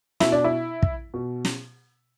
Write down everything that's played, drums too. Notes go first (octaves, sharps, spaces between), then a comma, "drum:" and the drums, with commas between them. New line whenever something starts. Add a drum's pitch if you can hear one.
B2 E4, drum: snare
D4
E4
drum: kick
B2
drum: snare